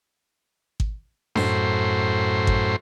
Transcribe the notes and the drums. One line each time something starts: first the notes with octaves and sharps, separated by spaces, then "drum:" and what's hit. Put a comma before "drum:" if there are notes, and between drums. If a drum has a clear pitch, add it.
drum: kick G#1
F#2 A2 C5, drum: snare D4
drum: kick G#1